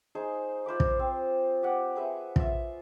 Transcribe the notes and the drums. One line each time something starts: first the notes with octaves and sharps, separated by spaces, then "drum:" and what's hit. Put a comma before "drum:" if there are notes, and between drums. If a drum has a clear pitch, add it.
D#4 G#4 C5
F4 C5 B5 D6
drum: kick
C4
G4 F#5
G#4 B4 E5
F4 E5, drum: kick